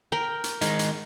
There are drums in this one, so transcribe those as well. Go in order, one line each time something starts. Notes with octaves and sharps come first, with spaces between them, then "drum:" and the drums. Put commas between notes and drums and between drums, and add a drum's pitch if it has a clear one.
A#4 G5
drum: hi-hat
D#3 G#3 D#4, drum: hi-hat
drum: hi-hat